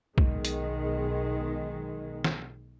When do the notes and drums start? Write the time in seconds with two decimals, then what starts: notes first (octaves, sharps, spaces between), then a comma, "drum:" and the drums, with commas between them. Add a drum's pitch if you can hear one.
0.18 B1 D#3 G#3, drum: kick
0.45 drum: hi-hat
2.24 drum: snare